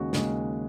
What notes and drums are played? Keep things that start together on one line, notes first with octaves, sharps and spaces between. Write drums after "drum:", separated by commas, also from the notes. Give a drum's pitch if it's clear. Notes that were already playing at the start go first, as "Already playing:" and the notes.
Already playing: D#2 C#3 G#3 F#4
D#2 C#3 G#3, drum: snare